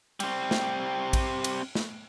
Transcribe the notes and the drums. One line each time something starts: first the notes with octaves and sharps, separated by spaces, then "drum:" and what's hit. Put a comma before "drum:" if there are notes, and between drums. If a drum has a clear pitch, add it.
G3 C4, drum: cymbal
drum: snare
drum: kick A#1, cymbal
drum: cymbal
drum: snare